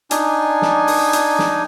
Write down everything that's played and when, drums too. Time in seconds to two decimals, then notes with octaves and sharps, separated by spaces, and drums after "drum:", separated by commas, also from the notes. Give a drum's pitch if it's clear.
0.11 D4 D#4 G#5, drum: hi-hat
0.62 drum: snare
0.87 drum: open hi-hat
1.13 drum: hi-hat
1.39 drum: snare